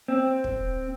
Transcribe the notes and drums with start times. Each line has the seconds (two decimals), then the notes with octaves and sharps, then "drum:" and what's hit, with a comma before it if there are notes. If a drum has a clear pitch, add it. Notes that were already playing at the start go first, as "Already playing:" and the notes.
0.08 C4
0.44 drum: kick